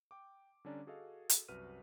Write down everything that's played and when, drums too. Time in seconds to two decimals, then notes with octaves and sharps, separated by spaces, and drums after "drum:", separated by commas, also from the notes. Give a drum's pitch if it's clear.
0.11 G5 D6
0.65 D3 G3 C#4 D4 D5 A#5
0.87 F#4 G#4 A4 D#5 F5
1.29 drum: hi-hat
1.48 C2 F#2 F#4 B4 F6 D#7